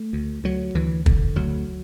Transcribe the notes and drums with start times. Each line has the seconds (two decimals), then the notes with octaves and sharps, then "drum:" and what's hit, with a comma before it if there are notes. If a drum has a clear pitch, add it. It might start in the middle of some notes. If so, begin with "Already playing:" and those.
Already playing: A3
0.13 D2
0.44 D2 F#3
0.75 D2 E3
1.06 D3, drum: kick
1.36 D2 F#3